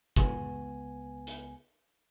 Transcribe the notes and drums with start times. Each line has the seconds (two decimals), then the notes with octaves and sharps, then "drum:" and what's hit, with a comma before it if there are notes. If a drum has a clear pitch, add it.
0.16 C#2 B3 G#5, drum: kick
1.27 drum: hi-hat